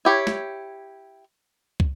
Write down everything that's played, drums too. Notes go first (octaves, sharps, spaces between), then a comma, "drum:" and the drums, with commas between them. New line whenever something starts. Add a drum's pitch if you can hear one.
E4 G4 C#5
drum: snare
drum: kick